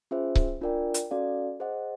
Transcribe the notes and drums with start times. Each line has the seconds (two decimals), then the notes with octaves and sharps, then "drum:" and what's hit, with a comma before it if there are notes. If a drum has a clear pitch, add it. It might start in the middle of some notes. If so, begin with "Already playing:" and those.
0.11 C#4 F4 G#4 C5 E5
0.35 drum: kick C#1
0.61 D4 F4 A#4 D5 G5
0.94 drum: hi-hat
1.11 C#4 F#4 A4 D5 F5
1.60 G#4 C5 D#5 F#5